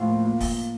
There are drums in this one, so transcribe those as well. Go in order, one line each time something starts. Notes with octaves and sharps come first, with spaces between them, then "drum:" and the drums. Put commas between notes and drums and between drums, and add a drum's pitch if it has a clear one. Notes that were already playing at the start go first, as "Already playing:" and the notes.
Already playing: A2 F3 F4
A#3
A#3
drum: kick, open hi-hat